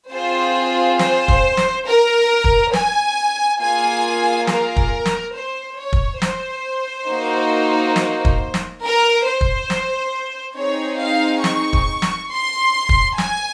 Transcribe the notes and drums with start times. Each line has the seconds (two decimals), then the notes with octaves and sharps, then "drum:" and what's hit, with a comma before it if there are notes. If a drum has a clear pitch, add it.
0.12 C4 F4 G#4 C5
0.99 C5, drum: snare
1.28 drum: kick
1.57 drum: snare
1.86 A#4
2.44 drum: kick
2.73 G#5, drum: snare
3.60 A#3 F4 G#4 G#5
4.47 A#4, drum: snare
4.76 drum: kick
5.06 drum: snare
5.35 C5
5.78 C#5
5.93 drum: kick
6.22 C5, drum: snare
7.09 A#3 D#4 F#4
7.96 drum: snare
8.25 drum: kick
8.54 drum: snare
8.83 A#4
9.26 C5
9.41 drum: kick
9.70 drum: snare
10.57 C4 D#4 G#4 C#5
11.00 F5
11.44 C#6, drum: snare
11.73 drum: kick
12.02 drum: snare
12.31 C6
12.89 drum: kick
13.18 G#5, drum: snare